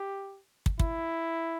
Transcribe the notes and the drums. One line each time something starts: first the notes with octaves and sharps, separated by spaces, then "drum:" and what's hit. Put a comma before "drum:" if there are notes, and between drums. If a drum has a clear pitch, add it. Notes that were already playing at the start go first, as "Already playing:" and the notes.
Already playing: G4
drum: kick
E4, drum: kick